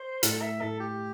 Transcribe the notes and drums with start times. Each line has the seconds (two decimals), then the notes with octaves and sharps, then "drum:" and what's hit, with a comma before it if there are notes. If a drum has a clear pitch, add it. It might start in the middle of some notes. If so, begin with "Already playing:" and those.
Already playing: C5
0.23 A2 A4, drum: hi-hat
0.41 E5
0.60 A2 A4
0.80 G4